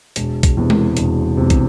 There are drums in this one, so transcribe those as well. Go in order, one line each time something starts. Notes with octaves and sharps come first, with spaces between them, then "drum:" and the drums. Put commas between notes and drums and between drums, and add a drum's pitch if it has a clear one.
E1, drum: hi-hat
drum: kick, hi-hat
E2 C3
drum: tom G#3
E1, drum: hi-hat
E2 C3
drum: kick, hi-hat